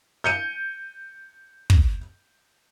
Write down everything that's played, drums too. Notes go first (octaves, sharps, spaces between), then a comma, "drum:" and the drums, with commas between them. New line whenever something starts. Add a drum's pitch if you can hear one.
G6 C#7 D#7
drum: kick